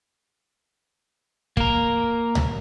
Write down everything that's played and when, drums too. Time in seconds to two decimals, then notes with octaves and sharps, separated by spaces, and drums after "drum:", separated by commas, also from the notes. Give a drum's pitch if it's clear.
1.57 A#3 A#4, drum: kick
2.35 drum: tom C#2